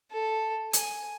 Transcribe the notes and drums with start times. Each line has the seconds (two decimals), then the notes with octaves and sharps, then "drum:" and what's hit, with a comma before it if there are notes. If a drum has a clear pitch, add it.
0.11 A4
0.73 G#5, drum: hi-hat